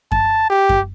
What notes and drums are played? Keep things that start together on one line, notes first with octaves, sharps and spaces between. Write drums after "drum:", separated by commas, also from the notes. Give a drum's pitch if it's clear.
A5, drum: kick F#2
G4
drum: kick F#2